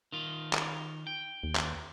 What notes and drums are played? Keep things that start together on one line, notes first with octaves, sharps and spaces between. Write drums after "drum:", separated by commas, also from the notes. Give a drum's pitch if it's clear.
D#3 F4
drum: clap
G5
D#2
drum: clap